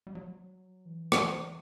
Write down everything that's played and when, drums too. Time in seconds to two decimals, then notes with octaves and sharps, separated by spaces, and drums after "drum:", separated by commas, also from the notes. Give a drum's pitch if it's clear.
0.07 G3
0.15 F#3
0.85 E3
1.12 drum: rim click